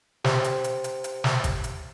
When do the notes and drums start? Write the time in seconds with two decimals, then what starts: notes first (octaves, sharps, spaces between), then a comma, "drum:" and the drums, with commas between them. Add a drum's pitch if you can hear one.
0.24 G4 C5, drum: snare
0.44 drum: hi-hat
0.64 drum: hi-hat
0.84 drum: hi-hat
1.04 drum: hi-hat
1.24 drum: snare
1.44 drum: kick G1, hi-hat
1.64 drum: hi-hat